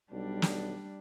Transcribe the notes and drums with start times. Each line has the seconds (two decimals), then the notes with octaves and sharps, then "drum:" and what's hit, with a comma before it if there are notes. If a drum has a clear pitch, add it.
0.12 B1 G3 D4
0.42 drum: snare